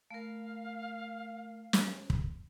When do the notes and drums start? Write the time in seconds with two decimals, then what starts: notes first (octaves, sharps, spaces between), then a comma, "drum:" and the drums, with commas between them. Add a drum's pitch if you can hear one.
0.11 A3 A#4 F5
1.73 drum: snare
2.10 drum: kick